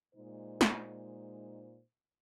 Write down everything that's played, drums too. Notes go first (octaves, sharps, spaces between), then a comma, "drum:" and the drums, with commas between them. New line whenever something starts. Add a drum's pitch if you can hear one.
A#2 G#3 D#4 C5
drum: snare